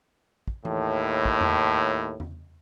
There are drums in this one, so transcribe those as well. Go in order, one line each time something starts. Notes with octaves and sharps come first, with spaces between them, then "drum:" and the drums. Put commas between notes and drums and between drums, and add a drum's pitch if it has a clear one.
drum: kick
D#2 A2, drum: tom E3
drum: kick
drum: tom E2
drum: tom E2